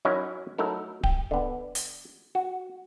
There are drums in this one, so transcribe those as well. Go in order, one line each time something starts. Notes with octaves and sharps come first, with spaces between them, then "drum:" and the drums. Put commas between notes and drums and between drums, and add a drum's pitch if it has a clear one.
F#3 C#4 D#4 E4 A#4 C#5
F#3 A3 D#4 E4 A#4
G5, drum: kick D1
D3 B3
drum: hi-hat
F#4